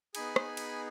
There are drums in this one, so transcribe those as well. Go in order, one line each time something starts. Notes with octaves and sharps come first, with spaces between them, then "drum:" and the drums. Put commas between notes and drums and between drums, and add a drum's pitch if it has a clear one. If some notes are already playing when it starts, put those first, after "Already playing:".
B3 D#4 G#4 G#5 B5, drum: cymbal
drum: rim click
drum: cymbal